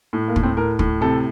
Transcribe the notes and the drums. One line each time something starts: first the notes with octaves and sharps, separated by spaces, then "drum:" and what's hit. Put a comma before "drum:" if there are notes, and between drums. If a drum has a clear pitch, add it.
A2
A#3
A2, drum: kick
C4
A2 A#4
A2, drum: kick
C3 A4